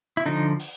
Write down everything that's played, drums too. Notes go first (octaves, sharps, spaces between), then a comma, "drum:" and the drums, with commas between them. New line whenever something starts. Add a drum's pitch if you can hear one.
E4
D3 F3 D#4
drum: open hi-hat